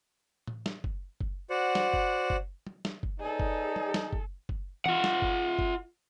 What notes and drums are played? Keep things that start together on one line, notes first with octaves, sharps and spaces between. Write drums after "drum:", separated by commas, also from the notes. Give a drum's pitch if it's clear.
drum: tom A2
drum: snare
drum: kick F#1
drum: kick F#1
F#4 C5 D5 F#5
drum: snare
drum: kick F#1
drum: kick F#1
drum: tom
drum: snare
drum: kick F#1
D#4 G#4 A4 B4 C#5 D5
drum: kick F#1
drum: tom
drum: snare
drum: kick F#1
drum: kick F#1
F4 F#5, drum: tom
drum: snare
drum: kick F#1
drum: kick F#1